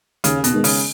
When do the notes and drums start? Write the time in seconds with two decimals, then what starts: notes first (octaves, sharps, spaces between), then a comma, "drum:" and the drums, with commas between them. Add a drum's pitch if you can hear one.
0.24 D#2 C#3, drum: hi-hat
0.44 B2, drum: hi-hat
0.54 D#3 G#3 B3
0.64 C#3, drum: open hi-hat